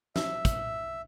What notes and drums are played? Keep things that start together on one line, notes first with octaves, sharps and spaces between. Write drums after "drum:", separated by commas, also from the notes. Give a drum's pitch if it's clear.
E5, drum: snare
drum: kick, hi-hat